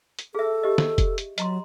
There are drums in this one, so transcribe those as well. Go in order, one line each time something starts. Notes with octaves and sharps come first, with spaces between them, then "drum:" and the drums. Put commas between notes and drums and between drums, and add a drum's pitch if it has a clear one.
drum: hi-hat
G#4 A4 E5
G4 D#5
drum: snare
drum: kick F1, hi-hat
drum: hi-hat
F#3 D#5 A#5 C6, drum: hi-hat